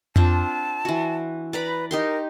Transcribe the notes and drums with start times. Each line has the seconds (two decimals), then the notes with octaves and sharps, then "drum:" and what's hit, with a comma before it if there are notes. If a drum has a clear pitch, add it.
0.16 C4 D4 F4 A5, drum: tom F2
0.85 E3 F#4
1.53 B4 D5 A#5 B5
1.91 D#4 G4 A#4 C6